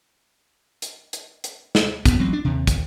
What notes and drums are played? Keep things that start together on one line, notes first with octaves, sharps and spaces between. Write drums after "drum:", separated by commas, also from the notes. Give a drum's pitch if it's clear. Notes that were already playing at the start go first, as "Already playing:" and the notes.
drum: hi-hat
drum: hi-hat
drum: hi-hat
drum: snare
F#1 E2 B3, drum: kick, hi-hat
A1 F#3 C4
D4
D#2 C3
D#2, drum: kick, hi-hat